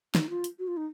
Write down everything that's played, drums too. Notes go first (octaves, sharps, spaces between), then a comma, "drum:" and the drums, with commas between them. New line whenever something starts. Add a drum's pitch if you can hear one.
D#4, drum: snare
F4
drum: hi-hat
F#4
F4
D#4